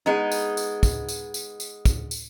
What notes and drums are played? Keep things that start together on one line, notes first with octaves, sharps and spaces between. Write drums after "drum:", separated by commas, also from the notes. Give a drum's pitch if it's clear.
G#3 B3 D#4
drum: tambourine
drum: tambourine
drum: kick, tambourine
drum: tambourine
drum: tambourine
drum: tambourine
drum: kick, tambourine
drum: tambourine